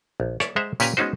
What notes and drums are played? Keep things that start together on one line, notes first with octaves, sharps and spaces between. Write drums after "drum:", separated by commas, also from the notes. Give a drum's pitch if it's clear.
A#1
C#5 D5 E5, drum: rim click
G#3 C5 E5 F#5 A#5
A#2 C#4 G4 B4 G#5 A#5, drum: tambourine
G#3 B3 C#4 D#4 F#4 C5